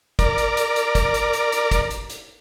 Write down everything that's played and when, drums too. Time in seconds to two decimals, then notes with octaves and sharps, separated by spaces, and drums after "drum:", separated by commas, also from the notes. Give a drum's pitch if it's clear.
0.19 A#4 D5, drum: kick, hi-hat
0.38 drum: hi-hat
0.57 drum: hi-hat
0.76 drum: hi-hat
0.95 drum: kick, hi-hat
1.14 drum: hi-hat
1.33 drum: hi-hat
1.52 drum: hi-hat
1.71 drum: kick, hi-hat
1.91 drum: hi-hat
2.10 drum: hi-hat